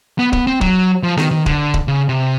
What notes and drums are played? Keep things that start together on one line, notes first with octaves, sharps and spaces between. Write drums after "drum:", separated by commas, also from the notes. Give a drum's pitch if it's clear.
B3
B3, drum: kick D1
C4
F#3, drum: kick D1
F3
D#3, drum: snare B3
D#3
D3, drum: kick D1
drum: kick D1
C#3
C3